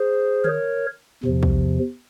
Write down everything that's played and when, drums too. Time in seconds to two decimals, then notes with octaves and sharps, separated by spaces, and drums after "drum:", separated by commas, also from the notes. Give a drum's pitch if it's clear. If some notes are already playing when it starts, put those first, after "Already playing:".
Already playing: G#4 C5
0.44 A#4 C#5, drum: tom D3
1.24 E2 C3 F3, drum: tom A2
1.43 drum: kick